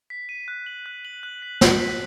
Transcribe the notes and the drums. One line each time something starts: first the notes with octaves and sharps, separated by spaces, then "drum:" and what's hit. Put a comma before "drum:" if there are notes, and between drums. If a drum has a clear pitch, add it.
B6
D#7
F#6
F#7
F#6
F#7
F#6
B6
F#6, drum: snare
B6